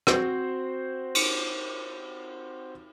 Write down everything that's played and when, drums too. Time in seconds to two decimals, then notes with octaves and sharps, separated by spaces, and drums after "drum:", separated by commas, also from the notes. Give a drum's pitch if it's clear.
0.07 C4 F#4 C5, drum: rim click
1.15 drum: cymbal